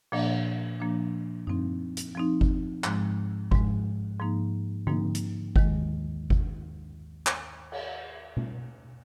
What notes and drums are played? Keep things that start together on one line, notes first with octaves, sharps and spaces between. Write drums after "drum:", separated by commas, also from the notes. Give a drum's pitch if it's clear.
A#2 F3 A#3 D4, drum: cymbal
A#2 F3 A#3 D4
F3 C4 D#4, drum: tom F#2
drum: hi-hat
F3 C4 D#4
drum: kick G1
G#2 F3 G#3, drum: clap
G#2 F3 G#3, drum: kick G1
G#2 F3 A#3 D#4
G#2 F3 A#3 D#4, drum: tom D3
drum: hi-hat
D#2 D#3 G#3, drum: kick G1
drum: kick G1
drum: clap
drum: cymbal
drum: tom B2